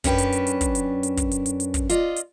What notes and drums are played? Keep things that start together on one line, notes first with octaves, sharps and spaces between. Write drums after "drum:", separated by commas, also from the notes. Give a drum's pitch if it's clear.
F#2 C#4 D4 B4 G5, drum: kick, hi-hat
drum: hi-hat
drum: hi-hat
drum: hi-hat
drum: kick, hi-hat
drum: hi-hat
drum: hi-hat
drum: kick, hi-hat
drum: hi-hat
drum: hi-hat
drum: hi-hat
drum: kick, hi-hat
F4 D5 D#5, drum: hi-hat
drum: hi-hat